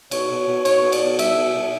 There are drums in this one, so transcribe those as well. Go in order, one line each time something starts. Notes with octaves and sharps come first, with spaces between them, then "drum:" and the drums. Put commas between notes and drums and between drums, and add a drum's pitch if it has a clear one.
B2 C#5, drum: cymbal
B2
B2
B2 C#5, drum: cymbal
B2
D5, drum: cymbal
B2
G3 E5, drum: cymbal
B2
B2